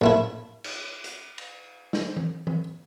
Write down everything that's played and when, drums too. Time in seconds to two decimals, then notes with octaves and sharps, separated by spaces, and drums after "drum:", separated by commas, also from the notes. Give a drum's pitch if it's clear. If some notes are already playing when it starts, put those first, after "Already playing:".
0.01 A#1 A3 E4, drum: tom A2
0.64 drum: cymbal
1.04 drum: hi-hat
1.38 drum: cymbal
1.93 drum: snare
2.17 drum: tom E3
2.47 drum: tom E3